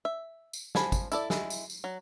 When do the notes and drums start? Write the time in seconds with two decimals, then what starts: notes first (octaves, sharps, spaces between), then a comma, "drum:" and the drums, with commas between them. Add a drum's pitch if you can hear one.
0.05 E5
0.53 drum: tambourine
0.75 F3 G#5 B5, drum: snare
0.92 drum: kick, tambourine
1.12 E4 A4 D5, drum: tambourine
1.30 G#3 E4, drum: snare
1.50 drum: tambourine
1.70 drum: tambourine
1.84 F#3